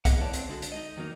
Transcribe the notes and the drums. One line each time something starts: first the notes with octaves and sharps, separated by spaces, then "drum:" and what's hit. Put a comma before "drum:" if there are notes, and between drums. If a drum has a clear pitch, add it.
A#3 B3 G#4 D#5 F5 F#5, drum: kick, hi-hat
E4 B4 C#5 D5 G5 A5
C4, drum: hi-hat
D3 G#3 F#4 A4
drum: hi-hat
D#4 D#5
E2 D#3 F#3 A#3 D#4